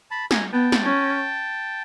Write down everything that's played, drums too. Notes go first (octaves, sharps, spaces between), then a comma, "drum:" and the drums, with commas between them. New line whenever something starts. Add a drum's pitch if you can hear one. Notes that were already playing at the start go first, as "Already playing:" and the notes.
A5 B5
G#5 A#5, drum: snare
B3 G5 A5
drum: snare
C#4